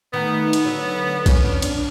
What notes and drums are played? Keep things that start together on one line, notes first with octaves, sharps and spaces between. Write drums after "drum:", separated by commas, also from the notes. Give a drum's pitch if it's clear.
D#3 A3 B3 D#4
drum: cymbal
D3 F#3 C#5
F2 C#4 D4 F6, drum: kick B1, cymbal
drum: cymbal